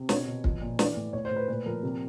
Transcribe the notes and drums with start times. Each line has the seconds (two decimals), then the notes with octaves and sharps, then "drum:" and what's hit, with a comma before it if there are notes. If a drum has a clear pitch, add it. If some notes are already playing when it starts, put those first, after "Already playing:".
Already playing: C3
0.09 B2 C#5, drum: snare
0.27 B2
0.44 F3, drum: kick
0.61 A#2
0.79 E3 D5, drum: snare
0.97 A2
1.13 A2 C#5
1.25 C5
1.31 A2
1.36 B4
1.48 A#2 B4
1.66 F3 A#4
1.83 C3